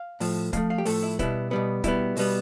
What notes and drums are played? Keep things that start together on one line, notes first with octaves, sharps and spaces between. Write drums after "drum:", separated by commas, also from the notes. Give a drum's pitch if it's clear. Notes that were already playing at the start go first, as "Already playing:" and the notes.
Already playing: F5
A2 F3 A3, drum: open hi-hat
A2 F3 A3 F5, drum: kick C#1, hi-hat
F5
G4
A2 F3 A3 A4, drum: open hi-hat
E4
B2 G3 B3 E4, drum: kick C#1, hi-hat
B2 G3 B3
B2 G3 B3 E4, drum: kick C#1, hi-hat
B2 G3 B3, drum: open hi-hat